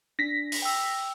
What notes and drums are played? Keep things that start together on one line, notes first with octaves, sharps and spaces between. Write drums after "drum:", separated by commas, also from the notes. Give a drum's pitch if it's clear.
D4 A#6 B6
drum: open hi-hat
G5 E6